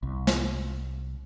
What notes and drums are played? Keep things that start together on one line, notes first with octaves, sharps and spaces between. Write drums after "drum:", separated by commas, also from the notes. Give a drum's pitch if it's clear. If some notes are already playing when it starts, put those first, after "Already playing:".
C2
drum: snare